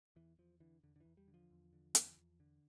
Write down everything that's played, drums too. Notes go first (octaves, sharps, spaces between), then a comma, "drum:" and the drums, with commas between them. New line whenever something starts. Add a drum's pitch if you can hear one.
E2 E3
E2 F3
D3 E3
E2 D3
D3
E2 E3
G3
D3
F3
E2
D3
E2, drum: hi-hat
E2
D3